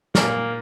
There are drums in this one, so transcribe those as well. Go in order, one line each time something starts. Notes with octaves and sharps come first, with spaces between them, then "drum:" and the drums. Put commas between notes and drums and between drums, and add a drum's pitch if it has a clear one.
A#2 A#3, drum: snare